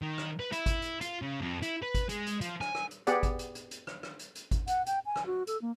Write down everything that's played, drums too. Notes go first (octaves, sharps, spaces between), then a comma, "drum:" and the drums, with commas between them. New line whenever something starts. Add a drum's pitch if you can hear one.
D#3
drum: rim click
B4
E4, drum: hi-hat
drum: kick G#1, hi-hat
drum: hi-hat
F4, drum: hi-hat
C#3
F2
E4, drum: hi-hat
B4
drum: kick G#1, hi-hat
G#3, drum: hi-hat
drum: hi-hat
F3, drum: hi-hat
G#5, drum: rim click
drum: rim click
drum: hi-hat
B3 G4 G#4 D5 F#5, drum: hi-hat
drum: kick G#1, hi-hat
drum: hi-hat
drum: hi-hat
drum: hi-hat
drum: rim click
drum: rim click
drum: hi-hat
drum: hi-hat
drum: kick G#1, hi-hat
F#5, drum: hi-hat
G5, drum: hi-hat
G#5
drum: rim click
F#4
A4, drum: hi-hat
A#3